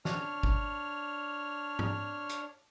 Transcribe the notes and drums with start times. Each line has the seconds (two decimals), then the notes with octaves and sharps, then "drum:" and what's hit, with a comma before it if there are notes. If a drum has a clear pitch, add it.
0.05 D4 C#5 F6, drum: snare
0.43 drum: kick G#1
1.79 drum: tom G#2
2.29 drum: hi-hat